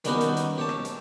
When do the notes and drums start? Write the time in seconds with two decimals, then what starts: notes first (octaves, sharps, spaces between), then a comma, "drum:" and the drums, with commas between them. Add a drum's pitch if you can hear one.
0.05 D#3 G3 B3 C#4 D#4 F#4, drum: hi-hat
0.21 drum: hi-hat
0.37 drum: hi-hat
0.58 G4 C#5 A5
0.69 drum: rim click
0.85 drum: hi-hat